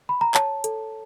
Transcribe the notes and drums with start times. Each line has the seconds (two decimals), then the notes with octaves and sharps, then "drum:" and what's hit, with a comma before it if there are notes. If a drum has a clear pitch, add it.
0.09 B5
0.21 A#5
0.34 C#5 A5, drum: clap
0.64 A4, drum: hi-hat